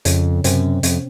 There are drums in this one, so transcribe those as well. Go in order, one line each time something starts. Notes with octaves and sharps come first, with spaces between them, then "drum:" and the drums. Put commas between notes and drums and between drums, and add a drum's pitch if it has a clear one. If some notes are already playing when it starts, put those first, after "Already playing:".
F2 C#3 C#4, drum: hi-hat
F#2 C3 C4, drum: hi-hat
F2, drum: hi-hat